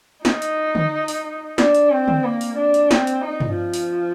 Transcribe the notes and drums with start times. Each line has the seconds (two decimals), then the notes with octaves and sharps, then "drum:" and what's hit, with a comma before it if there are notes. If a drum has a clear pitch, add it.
0.25 D#4, drum: snare
0.42 drum: hi-hat
0.75 drum: tom D3
1.08 drum: open hi-hat
1.58 D4, drum: snare
1.75 drum: hi-hat
1.91 C4
2.08 drum: tom D3
2.24 A#3
2.41 drum: open hi-hat
2.57 D4
2.74 drum: hi-hat
2.91 C4, drum: snare
3.07 drum: hi-hat
3.24 D#4
3.40 drum: tom G2
3.56 F3
3.74 drum: open hi-hat